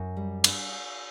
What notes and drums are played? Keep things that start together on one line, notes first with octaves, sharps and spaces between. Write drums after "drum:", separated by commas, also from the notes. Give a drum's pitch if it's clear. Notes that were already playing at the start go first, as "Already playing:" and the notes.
Already playing: F#2
G3
D4, drum: cymbal